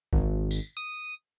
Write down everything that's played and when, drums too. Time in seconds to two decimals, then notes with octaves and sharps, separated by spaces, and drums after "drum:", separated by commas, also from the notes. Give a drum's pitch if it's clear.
0.13 G#1, drum: kick
0.51 drum: tambourine
0.77 D#6